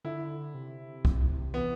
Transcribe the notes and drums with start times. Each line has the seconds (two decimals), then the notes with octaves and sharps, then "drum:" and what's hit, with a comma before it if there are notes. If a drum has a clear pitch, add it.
0.04 D3 E4
0.54 C3
1.05 drum: kick
1.54 E3 B3